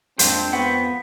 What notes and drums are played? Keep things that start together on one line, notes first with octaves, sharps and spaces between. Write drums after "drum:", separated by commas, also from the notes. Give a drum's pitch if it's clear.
F2 G#3 A#3 C4 D4 C5 A5, drum: hi-hat
B3 F#5 G5 C#6